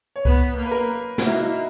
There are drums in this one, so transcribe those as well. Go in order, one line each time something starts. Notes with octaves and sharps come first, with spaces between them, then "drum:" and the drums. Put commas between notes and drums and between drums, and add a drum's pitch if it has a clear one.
C#5
B3 B4, drum: kick C#2
A#3
B4
A#4
A#3 F#4, drum: snare
E4
D#4
E4